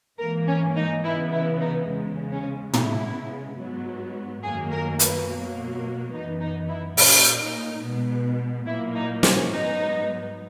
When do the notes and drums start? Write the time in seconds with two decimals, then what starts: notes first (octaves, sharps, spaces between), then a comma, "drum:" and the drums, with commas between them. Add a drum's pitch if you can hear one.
0.19 G#2 E3 A#3 A#4
0.47 C#4
0.76 D#4
1.04 C#3 E3 B3 E4
1.32 E4
1.61 D#4
1.89 E2 C#3 G#3
2.31 C#4
2.73 C#3 G#3 B3 E4, drum: tom
3.58 G#2 F#3 B3
4.43 F#2 D#3 F#3 A#3 G#4
4.71 A#4
4.99 B4, drum: hi-hat
5.28 B2 F#3 A#3
6.12 F#2 E3 B3 D#4
6.40 D#4
6.68 E4
6.97 A#2 A#3 C#4, drum: open hi-hat
7.39 D#4
7.82 B2 G#3 B3
8.67 A#2 F#3 A#3 E4
8.95 D#4
9.23 C#4, drum: snare
9.51 G#2 F#3 B3 D#4